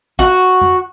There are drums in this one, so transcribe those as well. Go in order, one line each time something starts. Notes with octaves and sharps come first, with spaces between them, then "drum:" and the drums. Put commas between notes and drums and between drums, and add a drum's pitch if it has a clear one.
F#4, drum: kick
drum: tom F2